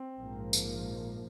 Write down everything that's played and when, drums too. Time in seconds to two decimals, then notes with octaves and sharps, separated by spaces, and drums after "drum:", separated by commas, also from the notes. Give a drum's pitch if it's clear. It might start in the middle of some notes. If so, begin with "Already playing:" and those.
Already playing: C4
0.18 A#1 G#2 F3 A#3
0.53 drum: tambourine